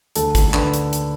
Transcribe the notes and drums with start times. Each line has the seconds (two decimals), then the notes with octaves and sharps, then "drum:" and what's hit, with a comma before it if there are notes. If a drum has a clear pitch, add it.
0.15 D2 A4 A5, drum: hi-hat
0.35 drum: kick G#1, hi-hat
0.54 D3 B4 B5, drum: clap
0.73 drum: hi-hat
0.93 drum: hi-hat